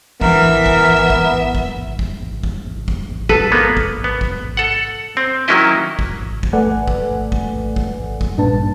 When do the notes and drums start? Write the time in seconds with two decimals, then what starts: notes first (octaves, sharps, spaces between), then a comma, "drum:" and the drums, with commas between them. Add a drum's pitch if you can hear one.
0.21 E3 B3 A#4 E5, drum: kick A1
0.66 drum: kick A1
1.10 drum: kick A1
1.55 drum: kick A1
1.99 drum: kick A1
2.43 drum: kick A1
2.88 drum: kick A1
3.29 A4 B4, drum: kick A1
3.51 G#3 A#3 B3
3.77 drum: kick A1
4.04 B3
4.21 drum: kick A1
4.57 A4 F#5
5.17 C4
5.48 D#3 F#3 A#3 C#4 E4 D#5
5.99 drum: kick A1
6.43 drum: kick A1
6.53 A3 A4 B4 D5 F#5 G#5
6.88 drum: kick A1
7.32 drum: kick A1
7.76 drum: kick A1
8.21 drum: kick A1
8.38 G2 A#2 D4 B4 A5